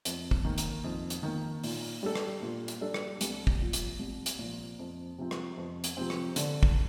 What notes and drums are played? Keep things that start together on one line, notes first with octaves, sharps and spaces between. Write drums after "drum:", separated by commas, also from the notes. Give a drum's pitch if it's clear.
F2, drum: hi-hat
drum: kick
D#3 A#3
drum: hi-hat
F2
drum: hi-hat
D#3 A#3
A#2, drum: open hi-hat
G3 D4 A4
drum: rim click
A#2
drum: hi-hat
G3 D4 A4
drum: rim click
C2, drum: hi-hat
drum: kick
A#2 F3
drum: hi-hat
C2
drum: hi-hat
A#2 F3
F2
C3 F3 C4
drum: rim click
F2
drum: hi-hat
C3 F3 C4
drum: rim click
D3, drum: hi-hat
drum: kick